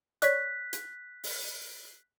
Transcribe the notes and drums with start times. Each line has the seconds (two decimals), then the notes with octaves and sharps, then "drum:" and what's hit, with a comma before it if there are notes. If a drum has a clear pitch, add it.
0.22 C#5 D5 C#6 F#6 B6, drum: hi-hat
0.73 drum: hi-hat
1.24 drum: open hi-hat